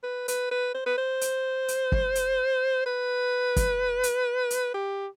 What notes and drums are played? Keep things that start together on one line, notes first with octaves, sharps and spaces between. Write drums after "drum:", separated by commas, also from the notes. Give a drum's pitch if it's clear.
B4
B4, drum: hi-hat
B4
C5
B4
C5
drum: hi-hat
drum: hi-hat
drum: kick
drum: hi-hat
B4
drum: kick, hi-hat
drum: hi-hat
drum: hi-hat
G4